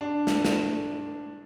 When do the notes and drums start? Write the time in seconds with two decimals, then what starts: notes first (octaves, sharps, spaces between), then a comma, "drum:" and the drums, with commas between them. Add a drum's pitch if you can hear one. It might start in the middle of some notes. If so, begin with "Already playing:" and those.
0.01 D4
0.27 drum: snare
0.45 drum: snare